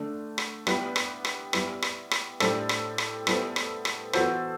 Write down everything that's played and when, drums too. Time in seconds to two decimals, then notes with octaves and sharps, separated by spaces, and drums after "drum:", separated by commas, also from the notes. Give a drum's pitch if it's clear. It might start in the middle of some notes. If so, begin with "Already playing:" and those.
Already playing: D3 A3 D4
0.38 drum: rim click
0.67 G3 B3 E4 G4 B4, drum: rim click
0.96 drum: rim click
1.25 drum: rim click
1.53 G3 B3 E4 B4, drum: rim click
1.82 drum: rim click
2.11 drum: rim click
2.40 A2 G3 D4 A4 C5, drum: rim click
2.69 drum: rim click
2.98 drum: rim click
3.27 G3 B3 E4 A4 C5, drum: rim click
3.56 drum: rim click
3.85 drum: rim click
4.13 E3 B3 F#4 A4 C5, drum: rim click